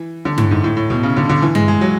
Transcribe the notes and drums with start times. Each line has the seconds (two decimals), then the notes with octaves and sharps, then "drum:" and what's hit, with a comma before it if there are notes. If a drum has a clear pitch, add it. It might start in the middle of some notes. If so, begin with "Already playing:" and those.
Already playing: E3
0.25 D3
0.38 A2, drum: tom G2
0.51 G#2
0.64 A2
0.77 A2
0.90 B2
1.03 C#3
1.16 D3
1.29 D3
1.42 E3
1.55 G#3, drum: tom G2
1.68 G#3
1.81 F#3